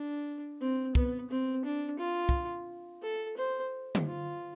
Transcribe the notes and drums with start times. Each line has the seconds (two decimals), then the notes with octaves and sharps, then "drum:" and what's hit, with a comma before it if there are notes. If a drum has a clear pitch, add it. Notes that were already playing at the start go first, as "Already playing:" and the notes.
Already playing: D4
0.61 C4
0.95 B3, drum: kick
1.30 C4
1.65 D4
1.99 F4
2.29 drum: kick
3.02 A4
3.37 C5
3.95 drum: tom D3
4.06 F4